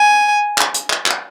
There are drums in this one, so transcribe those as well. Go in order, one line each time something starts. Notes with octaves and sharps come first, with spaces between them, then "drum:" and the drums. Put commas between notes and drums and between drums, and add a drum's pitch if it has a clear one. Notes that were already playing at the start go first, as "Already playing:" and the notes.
Already playing: G#5
drum: clap
drum: hi-hat
drum: clap
drum: clap